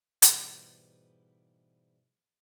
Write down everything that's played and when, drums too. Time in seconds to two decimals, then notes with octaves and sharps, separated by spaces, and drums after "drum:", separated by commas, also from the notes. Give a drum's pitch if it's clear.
0.22 G#2 B2 E3 G3 G4 F#5, drum: hi-hat